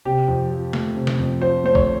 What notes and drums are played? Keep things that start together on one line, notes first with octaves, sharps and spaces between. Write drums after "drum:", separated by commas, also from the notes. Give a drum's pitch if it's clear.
C3 G4
F2
F3
A3, drum: snare
C3
drum: snare
F2
F3 C5
A3 C5
C#5, drum: kick